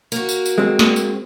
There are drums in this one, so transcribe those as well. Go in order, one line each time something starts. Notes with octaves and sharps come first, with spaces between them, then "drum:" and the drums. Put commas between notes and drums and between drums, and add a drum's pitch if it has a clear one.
A#3 F#4, drum: tambourine
drum: tambourine
drum: tambourine
G#3 C4
drum: snare
drum: tambourine